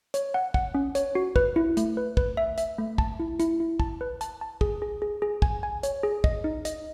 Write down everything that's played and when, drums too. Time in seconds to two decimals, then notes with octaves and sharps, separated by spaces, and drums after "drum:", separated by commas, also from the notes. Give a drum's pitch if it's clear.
0.14 C#5, drum: hi-hat
0.34 F#5
0.54 F#5, drum: kick
0.75 C#4
0.95 C#5, drum: hi-hat
1.15 F#4
1.36 B4, drum: kick
1.56 E4
1.77 A3, drum: hi-hat
1.97 B4
2.17 B4, drum: kick
2.37 E5
2.58 E5, drum: hi-hat
2.78 A3
2.98 A5, drum: kick
3.20 E4
3.40 E4, drum: hi-hat
3.60 E4
3.80 A5, drum: kick
4.01 B4
4.21 A5, drum: hi-hat
4.41 A5
4.61 G#4, drum: kick
4.82 G#4
5.02 G#4
5.22 G#4
5.42 G#5, drum: kick
5.63 G#5
5.83 C#5, drum: hi-hat
6.03 G#4
6.24 D#5, drum: kick
6.44 D#4
6.65 D#5, drum: hi-hat